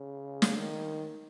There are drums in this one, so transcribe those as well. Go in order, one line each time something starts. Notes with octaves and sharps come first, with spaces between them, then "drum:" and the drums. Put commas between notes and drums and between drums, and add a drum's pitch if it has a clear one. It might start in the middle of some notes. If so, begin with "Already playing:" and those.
Already playing: C#3
drum: snare
D#3